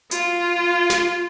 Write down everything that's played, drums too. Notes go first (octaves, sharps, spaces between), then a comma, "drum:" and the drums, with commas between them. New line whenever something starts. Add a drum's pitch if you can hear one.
F4, drum: hi-hat
drum: snare